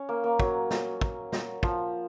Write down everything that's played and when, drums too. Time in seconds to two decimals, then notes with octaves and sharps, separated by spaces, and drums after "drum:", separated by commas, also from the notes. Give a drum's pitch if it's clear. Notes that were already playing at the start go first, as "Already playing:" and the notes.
Already playing: C#4
0.09 A#3
0.24 A#3
0.40 F#3, drum: kick
0.70 drum: snare
1.01 drum: kick
1.32 drum: snare
1.63 F3, drum: kick